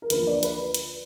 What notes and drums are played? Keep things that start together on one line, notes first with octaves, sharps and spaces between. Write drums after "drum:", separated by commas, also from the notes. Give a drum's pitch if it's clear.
A#4
D2 D3 F3 A#3 B4, drum: hi-hat
D5
B4, drum: hi-hat
drum: hi-hat